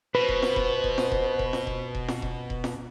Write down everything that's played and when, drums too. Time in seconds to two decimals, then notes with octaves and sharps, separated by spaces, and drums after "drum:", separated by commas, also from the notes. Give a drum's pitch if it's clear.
0.15 B2 B4 C5
0.29 drum: kick E1
0.42 drum: snare
0.56 drum: kick E1
0.84 drum: kick E1
0.98 drum: snare
1.12 drum: kick E1
1.39 drum: kick E1
1.53 drum: snare
1.67 drum: kick E1
1.95 drum: kick E1
2.08 drum: snare
2.22 drum: kick E1
2.50 drum: kick E1
2.64 drum: snare